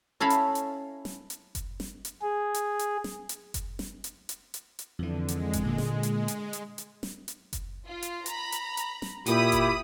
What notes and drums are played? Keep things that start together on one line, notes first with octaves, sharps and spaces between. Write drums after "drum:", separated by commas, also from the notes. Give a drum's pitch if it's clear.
C#4 E4 A4 F5 A#5 B5
drum: hi-hat
drum: hi-hat
drum: snare
drum: hi-hat
drum: kick F#1, hi-hat
drum: snare
drum: hi-hat
G#4
drum: hi-hat
drum: hi-hat
drum: snare
drum: hi-hat
drum: kick F#1, hi-hat
drum: snare
drum: hi-hat
drum: hi-hat
drum: hi-hat
drum: hi-hat
F2 D3 E3
G#3, drum: hi-hat
drum: kick F#1, hi-hat
A#2 D3 A#3
drum: snare
drum: hi-hat
drum: hi-hat
drum: hi-hat
drum: hi-hat
drum: snare
drum: hi-hat
drum: kick F#1, hi-hat
F4
drum: hi-hat
A#5 B5, drum: hi-hat
drum: hi-hat
drum: hi-hat
drum: snare
A#2 E4 G4 B5 D#6, drum: hi-hat
drum: kick F#1, hi-hat